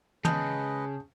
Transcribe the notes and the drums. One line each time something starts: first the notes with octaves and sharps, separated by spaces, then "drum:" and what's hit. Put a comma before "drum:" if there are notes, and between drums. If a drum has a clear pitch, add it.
C#3 G#3 G#4 B4 D#5 A5 D#6 G6, drum: tom